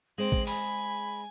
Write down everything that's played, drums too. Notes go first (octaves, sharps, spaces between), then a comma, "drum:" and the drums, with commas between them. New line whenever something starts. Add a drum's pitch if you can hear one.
G#3 C4 C5 F#7
drum: kick A1
G#5 B5, drum: open hi-hat